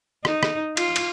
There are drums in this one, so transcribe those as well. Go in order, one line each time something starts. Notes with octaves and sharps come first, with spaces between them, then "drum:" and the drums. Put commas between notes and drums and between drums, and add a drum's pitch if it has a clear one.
D#4, drum: rim click
drum: rim click
F4, drum: cymbal
drum: cymbal